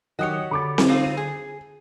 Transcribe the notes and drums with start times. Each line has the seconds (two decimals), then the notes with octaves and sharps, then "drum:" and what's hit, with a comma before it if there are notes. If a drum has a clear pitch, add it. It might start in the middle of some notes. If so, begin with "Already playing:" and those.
0.19 D#3 F#3 F#4 G4 C#5 D#5 D#6 C#7
0.51 D3 B5 D6 A6
0.78 drum: snare C4
0.89 C4 D#4 F4
1.04 D#7
1.17 G#4